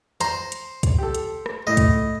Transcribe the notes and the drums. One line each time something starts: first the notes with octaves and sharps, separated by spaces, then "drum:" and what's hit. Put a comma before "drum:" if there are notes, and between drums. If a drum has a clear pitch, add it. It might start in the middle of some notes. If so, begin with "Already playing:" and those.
C5 A#5, drum: hi-hat
drum: hi-hat
drum: kick, hi-hat
G4 A4
drum: hi-hat
drum: rim click
A2 D#5
drum: kick, hi-hat